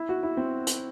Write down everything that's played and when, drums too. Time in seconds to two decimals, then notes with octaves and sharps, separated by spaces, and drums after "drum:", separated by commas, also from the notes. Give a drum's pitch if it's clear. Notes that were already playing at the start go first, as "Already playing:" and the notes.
Already playing: E4
0.09 F#4
0.23 E4
0.37 C4
0.67 drum: hi-hat